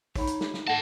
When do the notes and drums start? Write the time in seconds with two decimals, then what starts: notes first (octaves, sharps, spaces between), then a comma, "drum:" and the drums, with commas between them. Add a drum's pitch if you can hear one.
0.16 D#4 C#5 B5, drum: kick, open hi-hat
0.27 drum: hi-hat
0.41 drum: snare
0.54 drum: snare
0.67 A4 D#5 F#5 A5